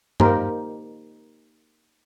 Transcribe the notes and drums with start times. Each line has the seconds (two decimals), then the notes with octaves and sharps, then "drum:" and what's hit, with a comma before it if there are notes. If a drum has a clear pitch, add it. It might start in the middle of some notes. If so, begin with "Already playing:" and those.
0.20 A#3 D#4 G4 A#4 C5, drum: tom G2